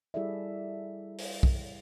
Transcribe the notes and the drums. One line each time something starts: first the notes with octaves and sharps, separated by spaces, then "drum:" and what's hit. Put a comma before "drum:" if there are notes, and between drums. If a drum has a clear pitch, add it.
G3 E4 G#4 A4 D5 E5
drum: open hi-hat
drum: kick B1